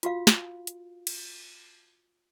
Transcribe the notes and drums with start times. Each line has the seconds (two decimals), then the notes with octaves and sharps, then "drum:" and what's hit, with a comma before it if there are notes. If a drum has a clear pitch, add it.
0.03 F4 F#4 F5, drum: hi-hat
0.27 drum: snare
0.67 drum: hi-hat
1.07 drum: cymbal